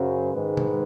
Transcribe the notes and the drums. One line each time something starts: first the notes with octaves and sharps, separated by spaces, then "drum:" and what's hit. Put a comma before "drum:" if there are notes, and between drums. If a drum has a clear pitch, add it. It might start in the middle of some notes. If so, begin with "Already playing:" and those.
Already playing: F#2 C#3 F#3 C5
G#2 D#3 G#3 B4
drum: tom B2